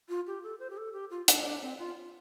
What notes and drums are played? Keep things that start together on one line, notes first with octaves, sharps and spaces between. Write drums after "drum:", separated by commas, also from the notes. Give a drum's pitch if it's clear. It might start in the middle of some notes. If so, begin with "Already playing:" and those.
F4
G4
A4
C5
G4
A4
G4
F4
D4, drum: hi-hat
D4
C4
F4